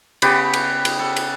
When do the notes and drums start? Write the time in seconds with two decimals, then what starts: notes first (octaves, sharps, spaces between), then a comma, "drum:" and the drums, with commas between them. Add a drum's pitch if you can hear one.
0.22 C#3 B3 G4 B5, drum: cymbal
0.53 drum: cymbal
0.85 drum: cymbal
0.99 A4
1.16 drum: cymbal